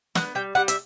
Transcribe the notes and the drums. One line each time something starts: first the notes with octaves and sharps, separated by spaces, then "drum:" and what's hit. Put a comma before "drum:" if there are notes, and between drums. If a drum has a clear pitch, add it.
B3 F#5, drum: snare
G3 G5
G3 F#5
E5, drum: hi-hat